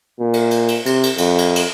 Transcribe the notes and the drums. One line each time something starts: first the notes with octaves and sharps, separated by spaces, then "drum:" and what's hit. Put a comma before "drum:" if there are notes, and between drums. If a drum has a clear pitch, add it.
A#2
drum: cymbal
drum: cymbal
drum: cymbal
C3, drum: cymbal
drum: cymbal
F2, drum: cymbal
drum: cymbal
drum: cymbal